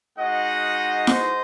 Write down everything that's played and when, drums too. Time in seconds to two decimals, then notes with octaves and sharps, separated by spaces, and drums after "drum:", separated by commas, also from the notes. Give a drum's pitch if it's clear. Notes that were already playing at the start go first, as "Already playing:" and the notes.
0.18 G#3 D#4 F#4 D#5 F#5
1.07 C5 D#5, drum: snare E4